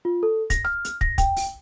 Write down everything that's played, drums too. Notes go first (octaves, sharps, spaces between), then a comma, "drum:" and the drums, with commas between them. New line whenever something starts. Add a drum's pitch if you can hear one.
F4
A4
A#6, drum: kick, hi-hat
F6, drum: rim click
drum: hi-hat
A#6, drum: kick
G5, drum: kick, hi-hat
drum: open hi-hat